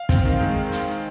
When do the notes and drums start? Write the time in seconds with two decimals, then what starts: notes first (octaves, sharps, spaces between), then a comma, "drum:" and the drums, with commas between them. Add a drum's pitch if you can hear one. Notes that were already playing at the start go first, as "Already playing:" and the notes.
Already playing: F5
0.09 C4, drum: kick, hi-hat
0.25 D#3
0.40 G#3
0.72 drum: hi-hat